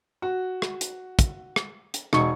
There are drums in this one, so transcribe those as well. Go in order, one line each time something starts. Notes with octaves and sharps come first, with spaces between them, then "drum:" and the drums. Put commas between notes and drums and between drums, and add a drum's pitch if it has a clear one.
F#4
drum: rim click
drum: hi-hat
drum: kick, hi-hat
drum: rim click
drum: hi-hat
E1 D#4 C#6, drum: rim click